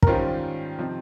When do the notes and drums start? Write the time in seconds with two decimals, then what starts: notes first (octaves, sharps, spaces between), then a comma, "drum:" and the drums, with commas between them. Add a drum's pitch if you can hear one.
0.03 A#4, drum: kick
0.07 G#2 D#3 G3 C#4 F4 C5
0.79 C3 F3 C4 D#4